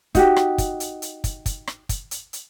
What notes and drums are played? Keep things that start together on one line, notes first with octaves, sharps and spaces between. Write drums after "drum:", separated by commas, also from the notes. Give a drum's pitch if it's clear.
D#4 F#4 G4, drum: kick, hi-hat
drum: rim click
drum: kick, hi-hat
drum: hi-hat
drum: hi-hat
drum: kick, hi-hat
drum: kick, hi-hat
drum: rim click
drum: kick, hi-hat
drum: hi-hat
drum: hi-hat